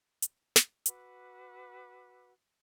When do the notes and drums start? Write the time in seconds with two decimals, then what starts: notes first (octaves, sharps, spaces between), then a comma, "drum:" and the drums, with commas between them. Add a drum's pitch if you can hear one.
0.22 drum: hi-hat
0.56 drum: snare
0.86 F#4 B4 D6 E6, drum: hi-hat